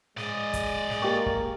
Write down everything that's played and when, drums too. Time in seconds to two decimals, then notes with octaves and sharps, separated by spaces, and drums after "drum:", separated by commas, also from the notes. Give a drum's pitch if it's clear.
0.17 G#3 D5 D#5, drum: snare
0.53 drum: kick, hi-hat
0.90 drum: snare
1.02 A#3 G4 G5 C#6
1.26 drum: kick